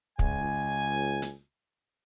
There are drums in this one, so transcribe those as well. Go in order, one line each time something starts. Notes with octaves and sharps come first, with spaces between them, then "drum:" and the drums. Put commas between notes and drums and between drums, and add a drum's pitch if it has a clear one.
C#2 G#5, drum: kick
drum: hi-hat